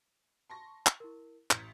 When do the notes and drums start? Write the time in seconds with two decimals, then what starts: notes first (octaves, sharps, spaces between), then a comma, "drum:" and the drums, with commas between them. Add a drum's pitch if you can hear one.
0.50 A5 C6 C#6 A#6
0.86 drum: clap
1.00 E4 A#4
1.51 A1 A#5 G6 G#6 B6 F7, drum: clap